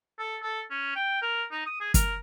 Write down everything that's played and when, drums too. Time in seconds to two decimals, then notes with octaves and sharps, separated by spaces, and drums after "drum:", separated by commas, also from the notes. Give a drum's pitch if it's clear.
0.19 A4
0.42 A4
0.70 C#4
0.95 G5
1.22 A#4
1.51 D#4
1.66 D#6
1.80 G#4
1.94 A#4, drum: kick, hi-hat